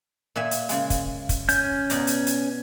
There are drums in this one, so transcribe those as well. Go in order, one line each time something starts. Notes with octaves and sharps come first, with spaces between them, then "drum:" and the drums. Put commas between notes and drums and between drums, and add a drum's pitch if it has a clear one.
A#2 E5 G#5
drum: hi-hat
C#3 G#3, drum: hi-hat
drum: kick, hi-hat
drum: kick, hi-hat
C#4 G6, drum: hi-hat
B2 D5 A#5, drum: hi-hat
drum: hi-hat
drum: hi-hat